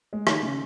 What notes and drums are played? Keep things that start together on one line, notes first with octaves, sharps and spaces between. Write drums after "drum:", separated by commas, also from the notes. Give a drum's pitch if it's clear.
G#3
D#3, drum: rim click
C#3